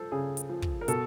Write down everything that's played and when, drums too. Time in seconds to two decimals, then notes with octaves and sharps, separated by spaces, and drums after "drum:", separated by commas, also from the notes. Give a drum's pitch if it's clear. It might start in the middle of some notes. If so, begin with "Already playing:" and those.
Already playing: F3 A4 C5
0.12 C#3 G#4
0.37 drum: hi-hat
0.49 F3
0.62 drum: kick
0.81 A#4
0.88 B2 A4, drum: hi-hat